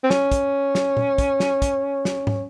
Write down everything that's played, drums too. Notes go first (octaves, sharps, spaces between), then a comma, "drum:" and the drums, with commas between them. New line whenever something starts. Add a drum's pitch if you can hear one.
C4
C#4, drum: snare
drum: kick, hi-hat
drum: snare
drum: tom
drum: kick, hi-hat
drum: snare
drum: kick, hi-hat
drum: snare
drum: tom